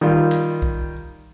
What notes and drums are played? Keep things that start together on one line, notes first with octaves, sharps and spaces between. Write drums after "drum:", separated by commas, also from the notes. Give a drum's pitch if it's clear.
D#3 G3 F4
drum: clap
drum: kick B1